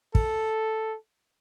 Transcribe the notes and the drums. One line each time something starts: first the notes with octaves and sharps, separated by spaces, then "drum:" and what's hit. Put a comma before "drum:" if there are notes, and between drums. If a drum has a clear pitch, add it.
A4, drum: kick